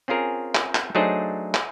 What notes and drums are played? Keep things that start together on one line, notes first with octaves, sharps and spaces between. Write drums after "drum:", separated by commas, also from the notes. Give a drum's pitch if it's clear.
C4 C#4 F4 G#4 A#4
drum: clap
drum: clap
F#3 A3 D4 D#4 G#4 C5
drum: clap